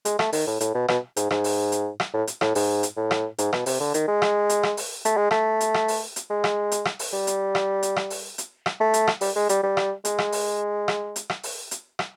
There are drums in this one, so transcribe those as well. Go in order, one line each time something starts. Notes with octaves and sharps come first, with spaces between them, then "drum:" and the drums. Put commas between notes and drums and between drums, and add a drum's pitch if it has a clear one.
G#3, drum: hi-hat
A3, drum: rim click
D#3, drum: open hi-hat
A2
A2, drum: hi-hat
B2
B2, drum: rim click
G#2, drum: hi-hat
G#2, drum: rim click
drum: open hi-hat
drum: hi-hat
drum: rim click
A2
drum: hi-hat
A2, drum: rim click
G#2, drum: open hi-hat
drum: hi-hat
A2
drum: rim click
G#2, drum: hi-hat
B2, drum: rim click
C3, drum: open hi-hat
D3
D#3, drum: hi-hat
G#3
drum: rim click
drum: hi-hat
drum: rim click
drum: open hi-hat
A3, drum: hi-hat
G#3
A3, drum: rim click
drum: hi-hat
drum: rim click
drum: open hi-hat
drum: hi-hat
G#3
drum: rim click
drum: hi-hat
drum: rim click
drum: open hi-hat
G3
drum: hi-hat
drum: rim click
drum: hi-hat
drum: rim click
drum: open hi-hat
drum: hi-hat
drum: rim click
A3
drum: hi-hat
drum: rim click
G3, drum: open hi-hat
G#3
G3, drum: hi-hat
G3
drum: rim click
G#3, drum: hi-hat
drum: rim click
drum: open hi-hat
drum: rim click
drum: hi-hat
drum: rim click
drum: open hi-hat
drum: hi-hat
drum: rim click